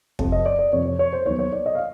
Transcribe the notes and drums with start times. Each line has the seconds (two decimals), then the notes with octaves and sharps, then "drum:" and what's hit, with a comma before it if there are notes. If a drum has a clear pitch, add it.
0.19 F2 C3 F3, drum: kick
0.32 D#5
0.46 D5
0.59 D5
0.72 F2 C3 F3 C#5
0.85 C#5
0.99 C#5
1.13 C5
1.25 D#2 D#3 F#3 B3 C#5
1.39 C#5
1.53 D5
1.66 D#5
1.75 F5